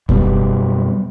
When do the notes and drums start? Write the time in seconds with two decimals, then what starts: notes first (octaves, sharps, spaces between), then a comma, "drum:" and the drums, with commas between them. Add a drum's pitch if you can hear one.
0.09 F#2 B2 G3, drum: kick E1